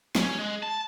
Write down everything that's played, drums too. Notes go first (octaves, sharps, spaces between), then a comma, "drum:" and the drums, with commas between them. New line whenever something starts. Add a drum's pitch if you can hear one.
C#4, drum: snare
G#3
A5